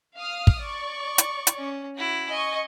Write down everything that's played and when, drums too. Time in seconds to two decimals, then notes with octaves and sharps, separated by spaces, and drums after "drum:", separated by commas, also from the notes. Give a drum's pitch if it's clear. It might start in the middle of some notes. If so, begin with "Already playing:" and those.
0.16 F5 D#6 F6
0.47 drum: kick
0.62 D5 C#6
1.18 drum: hi-hat
1.47 drum: hi-hat
1.58 C#4
1.96 E4 F#4
2.30 D#5 G#5 C#6